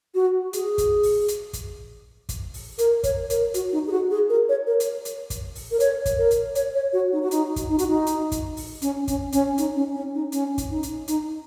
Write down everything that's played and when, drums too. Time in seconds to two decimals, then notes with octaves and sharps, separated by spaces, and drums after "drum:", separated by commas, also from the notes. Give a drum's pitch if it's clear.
0.15 F#4
0.53 G#4, drum: hi-hat
0.78 drum: kick, hi-hat
1.03 drum: open hi-hat
1.28 drum: hi-hat
1.53 drum: kick, hi-hat
2.29 drum: kick, hi-hat
2.54 drum: open hi-hat
2.78 A#4, drum: hi-hat
3.03 C#5, drum: kick, hi-hat
3.30 A#4, drum: hi-hat
3.54 F#4, drum: hi-hat
3.73 D#4
3.87 G#4
3.91 F#4
4.11 G#4
4.29 A#4
4.49 C#5
4.67 A#4
4.80 drum: hi-hat
5.05 drum: hi-hat
5.30 drum: kick, hi-hat
5.55 drum: open hi-hat
5.71 A#4
5.80 C#5, drum: hi-hat
6.06 drum: kick, hi-hat
6.18 A#4
6.31 drum: hi-hat
6.55 C#5, drum: hi-hat
6.75 C#5
6.93 F#4
7.12 D#4
7.22 F#4
7.31 D#4, drum: hi-hat
7.56 drum: kick, hi-hat
7.69 D#4
7.79 F#4, drum: hi-hat
7.88 D#4
8.06 drum: hi-hat
8.32 drum: kick, hi-hat
8.57 drum: open hi-hat
8.82 C#4, drum: hi-hat
9.08 C#4, drum: kick, hi-hat
9.32 C#4, drum: hi-hat
9.58 D#4, drum: hi-hat
9.76 C#4
9.95 C#4
10.14 D#4
10.32 C#4, drum: hi-hat
10.58 drum: kick, hi-hat
10.70 D#4
10.83 drum: hi-hat
11.08 D#4, drum: hi-hat